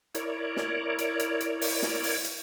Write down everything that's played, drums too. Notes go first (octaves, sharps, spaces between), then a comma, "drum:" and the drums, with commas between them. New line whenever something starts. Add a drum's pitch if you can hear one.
E4 A#4 C#5 D5, drum: hi-hat
drum: snare
drum: hi-hat
drum: hi-hat
drum: hi-hat
drum: open hi-hat
drum: snare
drum: open hi-hat
drum: hi-hat